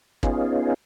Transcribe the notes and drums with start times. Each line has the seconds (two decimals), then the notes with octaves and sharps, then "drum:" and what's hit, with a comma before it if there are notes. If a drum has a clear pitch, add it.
0.23 B3 C#4 D#4 F4 G#4, drum: kick